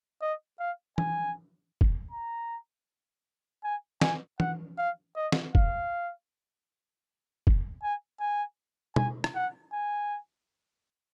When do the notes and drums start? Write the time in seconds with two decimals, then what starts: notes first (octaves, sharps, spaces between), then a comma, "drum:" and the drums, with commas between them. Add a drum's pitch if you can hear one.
0.22 D#5
0.60 F5
0.98 G#5, drum: tom E3
1.81 drum: kick
2.11 A#5
3.64 G#5
4.01 G#5, drum: snare
4.40 F#5, drum: tom E3
4.78 F5
5.16 D#5
5.32 drum: snare
5.55 F5, drum: kick
7.47 drum: kick
7.83 G#5
8.20 G#5
8.96 G#5, drum: tom
9.24 drum: rim click
9.35 F#5
9.73 G#5